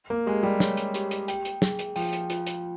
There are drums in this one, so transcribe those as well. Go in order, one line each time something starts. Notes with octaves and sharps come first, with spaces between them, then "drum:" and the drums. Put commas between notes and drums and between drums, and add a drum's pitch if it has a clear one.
A#3
G#3 G4
G3
C#5, drum: snare
drum: hi-hat
G4, drum: hi-hat
drum: hi-hat
G5, drum: hi-hat
drum: hi-hat
G#4, drum: snare
drum: hi-hat
F3 G5, drum: open hi-hat
drum: hi-hat
F4, drum: hi-hat
drum: hi-hat